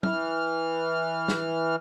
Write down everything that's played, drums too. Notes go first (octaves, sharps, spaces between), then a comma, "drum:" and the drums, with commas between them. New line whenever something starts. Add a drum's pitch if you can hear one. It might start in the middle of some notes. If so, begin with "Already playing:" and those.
E3 F6, drum: tom
drum: snare